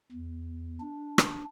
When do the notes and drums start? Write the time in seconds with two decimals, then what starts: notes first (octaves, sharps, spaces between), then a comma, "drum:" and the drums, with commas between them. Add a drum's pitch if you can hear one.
0.12 E2
0.80 D4
1.18 drum: rim click